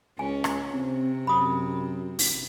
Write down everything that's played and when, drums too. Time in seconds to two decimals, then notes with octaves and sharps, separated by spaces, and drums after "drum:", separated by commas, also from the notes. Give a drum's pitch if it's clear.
0.19 C#2 C#4 G#5
0.44 drum: rim click
0.74 C3 C4
1.27 F#2 B5 D#6
2.19 drum: open hi-hat